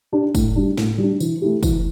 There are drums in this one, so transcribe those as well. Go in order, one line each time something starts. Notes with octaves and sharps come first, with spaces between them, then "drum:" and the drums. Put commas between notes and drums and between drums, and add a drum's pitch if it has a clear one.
D4 G4
A2, drum: kick, tambourine
G3 D4
A2, drum: snare
G3 D4
E3, drum: tambourine
A3 E4 G4
E3, drum: kick, tambourine